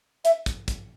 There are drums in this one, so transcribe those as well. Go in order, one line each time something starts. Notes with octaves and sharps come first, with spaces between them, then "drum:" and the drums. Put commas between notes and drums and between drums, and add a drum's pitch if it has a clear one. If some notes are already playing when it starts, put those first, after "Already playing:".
E5, drum: hi-hat
drum: kick, hi-hat
drum: kick, hi-hat